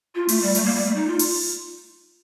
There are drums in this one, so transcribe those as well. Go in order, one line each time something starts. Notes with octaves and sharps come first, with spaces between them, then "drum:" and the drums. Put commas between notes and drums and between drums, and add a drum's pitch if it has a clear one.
F4
A3, drum: open hi-hat
G3
A3, drum: open hi-hat
A#3
G3
A3
D#4
F4
drum: open hi-hat